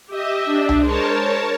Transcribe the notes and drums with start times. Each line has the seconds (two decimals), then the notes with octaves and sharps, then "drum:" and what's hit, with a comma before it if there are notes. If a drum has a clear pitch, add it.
0.11 G4 D#5 E5
0.45 D4
0.69 drum: tom C2
0.85 G#3 A#4 C5 C#5 A5